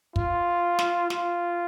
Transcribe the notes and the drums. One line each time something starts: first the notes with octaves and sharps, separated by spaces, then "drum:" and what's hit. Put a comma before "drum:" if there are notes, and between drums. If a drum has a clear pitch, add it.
F4, drum: kick
drum: snare
F4, drum: snare